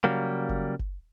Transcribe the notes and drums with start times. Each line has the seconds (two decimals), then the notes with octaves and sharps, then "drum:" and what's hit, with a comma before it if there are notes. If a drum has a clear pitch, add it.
0.04 C#3 F#3 G3 A#3
0.49 drum: kick F#1
0.79 drum: kick F#1